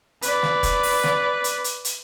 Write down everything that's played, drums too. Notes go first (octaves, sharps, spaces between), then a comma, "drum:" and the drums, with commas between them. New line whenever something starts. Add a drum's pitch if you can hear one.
B4 D5, drum: hi-hat
drum: snare
drum: kick F1, hi-hat
drum: open hi-hat
drum: snare
drum: hi-hat
drum: hi-hat
drum: hi-hat